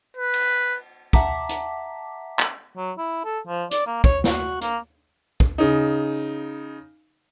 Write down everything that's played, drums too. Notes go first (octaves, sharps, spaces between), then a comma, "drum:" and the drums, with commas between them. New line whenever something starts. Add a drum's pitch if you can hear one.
B4
drum: cymbal
E5 F#5 A5 A#5 D6 B6, drum: kick
drum: hi-hat
drum: clap
F#3
E4
A4
F3
D5, drum: hi-hat
A#3
C#5, drum: kick
F#4, drum: snare
A#3, drum: hi-hat
drum: kick
C#3 D#4